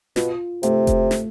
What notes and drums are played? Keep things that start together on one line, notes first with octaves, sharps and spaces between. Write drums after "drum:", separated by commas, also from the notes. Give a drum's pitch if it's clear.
B2 F4, drum: snare
C3 A3, drum: hi-hat
drum: kick F1, hi-hat
drum: snare